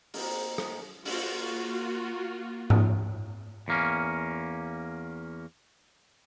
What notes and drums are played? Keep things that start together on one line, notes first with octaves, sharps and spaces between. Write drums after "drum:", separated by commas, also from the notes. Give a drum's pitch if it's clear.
A#3 C4 D#4 F4, drum: open hi-hat
drum: rim click
A#3 F4 F#4, drum: open hi-hat
drum: tom G#2
E2 A#3 C#4